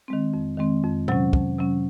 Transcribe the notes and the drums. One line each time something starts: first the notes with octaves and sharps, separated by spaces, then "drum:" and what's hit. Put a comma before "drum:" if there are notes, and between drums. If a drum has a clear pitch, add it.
D#3 G#3 C4
F2
D#3 G#3 C4
F2
C3 F#3 C#4, drum: tom A#2
F2, drum: kick
C3 F#3 C#4